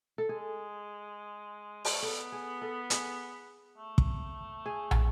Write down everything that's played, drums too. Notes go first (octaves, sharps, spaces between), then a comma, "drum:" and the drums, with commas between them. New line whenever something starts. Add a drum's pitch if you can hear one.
A4
G#3 G#4
G#3, drum: open hi-hat
A3
B3 A4
G#4
A4
G#4, drum: hi-hat
A3
drum: kick
G#4
drum: tom